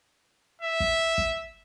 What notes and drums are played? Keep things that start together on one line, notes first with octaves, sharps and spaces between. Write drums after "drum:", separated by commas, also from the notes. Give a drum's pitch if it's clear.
E5
drum: kick
drum: kick